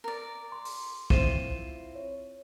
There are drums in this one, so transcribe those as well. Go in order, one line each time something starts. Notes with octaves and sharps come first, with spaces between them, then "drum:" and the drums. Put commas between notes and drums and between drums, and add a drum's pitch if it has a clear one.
A#4 D5
C6
drum: open hi-hat
C4 E4 F4 C5 D#7 E7, drum: kick
C#5